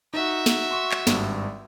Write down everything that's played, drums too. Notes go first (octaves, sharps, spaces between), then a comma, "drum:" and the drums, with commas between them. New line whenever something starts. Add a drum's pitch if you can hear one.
D#4 F#4 E5
drum: snare
C6 C#6
drum: clap
G#1 G2, drum: snare